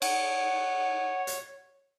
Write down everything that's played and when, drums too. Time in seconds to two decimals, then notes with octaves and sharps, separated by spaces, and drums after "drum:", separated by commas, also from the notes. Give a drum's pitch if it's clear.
0.02 C#5 F#5, drum: cymbal
1.27 drum: hi-hat